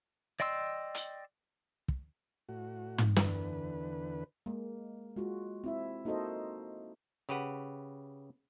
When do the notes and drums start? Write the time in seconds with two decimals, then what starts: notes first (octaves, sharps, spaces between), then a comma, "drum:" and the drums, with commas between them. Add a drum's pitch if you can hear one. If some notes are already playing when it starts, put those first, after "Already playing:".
0.40 D5 D#5 G5 C6 E6
0.95 drum: hi-hat
1.88 drum: kick
2.49 A2 F#4
2.98 drum: tom
3.16 E2 D3 B4, drum: snare
4.46 G#3 A#3
5.16 G#3 F4 F#4
5.64 C4 E4 E5
6.05 A#3 D#4 F#4 A4 C5 D#5
7.29 C#3 G4 B4 F#5